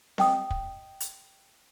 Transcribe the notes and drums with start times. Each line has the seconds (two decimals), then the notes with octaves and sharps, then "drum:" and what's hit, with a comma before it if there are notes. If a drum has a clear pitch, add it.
0.18 D#5 G5 D#6, drum: snare C4
0.50 drum: kick
1.00 drum: hi-hat